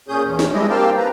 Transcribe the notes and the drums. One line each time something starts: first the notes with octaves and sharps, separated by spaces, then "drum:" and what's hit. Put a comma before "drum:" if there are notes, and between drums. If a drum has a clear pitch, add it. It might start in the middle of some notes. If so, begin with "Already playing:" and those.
A#2 C#4 G#4 D#6 G6
E2 C#4
drum: snare
G3 G#3 D4 E4 D#5
A#3 C4 G4 F5 G5 A5
B4 A#5